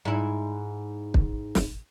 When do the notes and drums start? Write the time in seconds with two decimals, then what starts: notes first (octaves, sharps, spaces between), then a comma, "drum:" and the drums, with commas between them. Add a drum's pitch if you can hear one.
0.05 G#2 E4
1.14 drum: kick
1.55 drum: snare